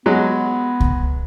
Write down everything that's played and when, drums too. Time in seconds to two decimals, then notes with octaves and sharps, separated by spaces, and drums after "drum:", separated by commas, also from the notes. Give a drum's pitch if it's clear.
0.06 F#3 G#3 B3
0.80 drum: kick C#2